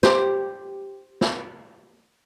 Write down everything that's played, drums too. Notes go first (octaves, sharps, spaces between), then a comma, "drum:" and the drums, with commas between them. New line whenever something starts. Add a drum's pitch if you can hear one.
G4 C5, drum: snare
drum: snare